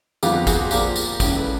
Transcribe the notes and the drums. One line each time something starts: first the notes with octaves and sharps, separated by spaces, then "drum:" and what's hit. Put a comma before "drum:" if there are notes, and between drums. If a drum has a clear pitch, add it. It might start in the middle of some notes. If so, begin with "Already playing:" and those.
F2 D3 G3 B3 F4 G4, drum: tambourine
F#4 G#4, drum: kick, tambourine
A#2 F3 A#3 F4 G4, drum: tambourine
drum: tambourine
C#2 C#3 E3, drum: kick, tambourine
A4 B4